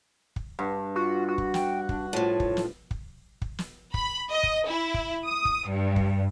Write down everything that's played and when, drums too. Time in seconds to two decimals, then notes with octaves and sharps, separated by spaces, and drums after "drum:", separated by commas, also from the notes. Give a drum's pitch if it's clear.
0.36 drum: kick
0.59 G2
0.96 F4 F#4
1.28 F#4
1.38 drum: kick
1.54 G5, drum: snare
1.89 D4, drum: kick
2.13 A2 F3 C#5
2.40 drum: kick
2.57 drum: snare
2.91 drum: kick
3.42 drum: kick
3.59 drum: snare
3.94 B5, drum: kick
4.31 D#5
4.43 drum: kick
4.66 E4
4.94 drum: kick
5.25 D#6
5.45 drum: kick
5.66 G2
5.96 drum: kick